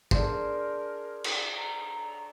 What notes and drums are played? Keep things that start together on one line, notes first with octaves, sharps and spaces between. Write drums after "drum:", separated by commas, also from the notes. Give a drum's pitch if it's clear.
D4 G#4 A#4 C5, drum: kick
drum: cymbal
A#5